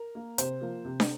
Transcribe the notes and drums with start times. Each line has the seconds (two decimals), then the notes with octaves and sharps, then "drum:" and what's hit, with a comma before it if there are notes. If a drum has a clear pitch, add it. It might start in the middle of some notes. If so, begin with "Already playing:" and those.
Already playing: A#4
0.15 A#3
0.38 C3 C5, drum: hi-hat
0.61 F3 A#3
0.85 C3
1.00 drum: snare